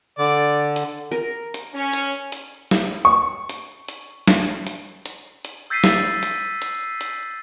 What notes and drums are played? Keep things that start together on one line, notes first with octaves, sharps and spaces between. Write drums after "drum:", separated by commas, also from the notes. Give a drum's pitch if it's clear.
D3 D5
drum: hi-hat
A#4
drum: hi-hat
C#4
drum: hi-hat
drum: hi-hat
drum: snare
C#6
drum: hi-hat
drum: hi-hat
drum: snare
drum: hi-hat
drum: hi-hat
drum: hi-hat
E6 G6 A6 B6 C7 D#7
drum: snare
drum: hi-hat
drum: hi-hat
drum: hi-hat